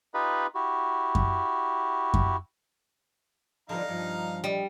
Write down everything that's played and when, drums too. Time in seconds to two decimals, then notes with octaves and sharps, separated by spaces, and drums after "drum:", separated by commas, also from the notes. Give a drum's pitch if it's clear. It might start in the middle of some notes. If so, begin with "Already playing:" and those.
0.14 D#4 F4 G4 B4 D#5 B5
0.55 E4 F#4 G4
1.15 drum: kick F#2
2.14 drum: kick F#2
3.69 D3 F3 G3 B3 D#4 F5 A#5
3.89 G2 F3
4.44 A#2 G3 D#5